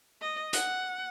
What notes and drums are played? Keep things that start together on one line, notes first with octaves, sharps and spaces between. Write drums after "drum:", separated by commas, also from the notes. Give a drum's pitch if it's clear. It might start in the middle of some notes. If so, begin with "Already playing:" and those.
D#5
F#5, drum: hi-hat